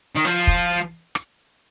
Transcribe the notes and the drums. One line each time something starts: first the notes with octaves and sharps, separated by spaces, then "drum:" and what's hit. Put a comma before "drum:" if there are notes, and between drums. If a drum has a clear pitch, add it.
D#3
F3
drum: kick
drum: rim click